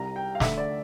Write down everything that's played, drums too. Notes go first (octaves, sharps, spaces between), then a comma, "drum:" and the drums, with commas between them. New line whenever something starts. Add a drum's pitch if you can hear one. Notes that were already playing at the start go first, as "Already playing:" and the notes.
Already playing: C2 C3 G3 A#5
G5
F5
D2 D3 A3 E5, drum: snare
D5